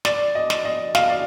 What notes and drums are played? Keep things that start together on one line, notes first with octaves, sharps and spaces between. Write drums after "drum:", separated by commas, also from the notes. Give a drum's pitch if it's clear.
D5, drum: snare
D#5
drum: snare
D#5
F5, drum: snare
D5